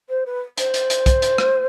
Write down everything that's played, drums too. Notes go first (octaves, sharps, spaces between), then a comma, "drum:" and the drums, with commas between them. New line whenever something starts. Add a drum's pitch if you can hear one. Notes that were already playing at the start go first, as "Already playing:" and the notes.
C5
B4
C5, drum: hi-hat
drum: hi-hat
drum: hi-hat
drum: kick, hi-hat
drum: hi-hat
drum: rim click